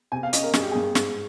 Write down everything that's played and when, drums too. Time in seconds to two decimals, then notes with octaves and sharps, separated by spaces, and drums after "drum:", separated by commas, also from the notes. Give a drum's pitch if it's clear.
0.12 C3 G#5
0.23 F5
0.33 C#4 D#5, drum: hi-hat
0.43 A#4
0.53 G2 G#4, drum: snare
0.63 G4
0.71 G2 G#4
0.95 G#2, drum: snare